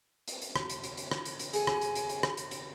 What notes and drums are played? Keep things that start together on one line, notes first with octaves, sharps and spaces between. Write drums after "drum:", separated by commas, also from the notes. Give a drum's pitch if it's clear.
drum: hi-hat
drum: hi-hat
drum: rim click
drum: hi-hat
drum: hi-hat
drum: hi-hat
drum: rim click
drum: hi-hat
drum: hi-hat
G#4 A4 G#5, drum: hi-hat
drum: rim click
drum: hi-hat
drum: hi-hat
drum: hi-hat
drum: rim click
drum: hi-hat
drum: hi-hat